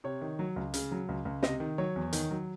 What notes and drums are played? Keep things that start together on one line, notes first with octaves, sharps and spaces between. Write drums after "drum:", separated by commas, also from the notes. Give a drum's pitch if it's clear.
C3 C#5
D#3
F#3
C#2
C#3, drum: hi-hat
F#3
C#2
C#2
C3 D#5, drum: snare
D#3
F#3 C#5
E2
D#3, drum: hi-hat
F#3